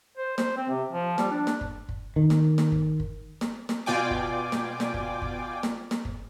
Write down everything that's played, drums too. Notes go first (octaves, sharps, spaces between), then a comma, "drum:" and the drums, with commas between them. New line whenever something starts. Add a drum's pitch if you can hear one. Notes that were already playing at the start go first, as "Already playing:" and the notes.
C5
C5, drum: snare
C4
C3
F3
G3, drum: snare
D4
drum: snare
drum: kick
drum: kick
D#3
drum: snare
drum: snare
drum: kick
drum: kick
drum: snare
drum: snare
B2 F4 D5 G5 G#5 D6
drum: kick
drum: snare
drum: snare
drum: kick
drum: kick
drum: snare
drum: snare
drum: kick